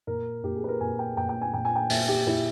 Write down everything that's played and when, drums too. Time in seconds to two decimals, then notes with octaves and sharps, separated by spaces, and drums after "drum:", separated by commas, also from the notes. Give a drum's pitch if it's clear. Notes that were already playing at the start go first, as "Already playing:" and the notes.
0.07 A#2 A#4
0.44 A#2 G4
0.56 G#4
0.64 B4
0.68 A#4
0.81 A#2 G#5
0.99 G5
1.17 A#2 G5
1.29 G5
1.41 G#5
1.54 A#2 G5
1.65 G#5
1.76 G5
1.90 A#2 E5, drum: open hi-hat
2.08 G4
2.27 A#2 E4